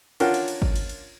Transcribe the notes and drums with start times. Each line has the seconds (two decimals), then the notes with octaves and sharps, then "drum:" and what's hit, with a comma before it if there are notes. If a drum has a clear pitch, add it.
0.20 C#4 D4 F4 A#4 F#5 G5, drum: cymbal
0.34 drum: cymbal
0.48 drum: cymbal
0.62 drum: kick
0.76 drum: cymbal
0.89 drum: cymbal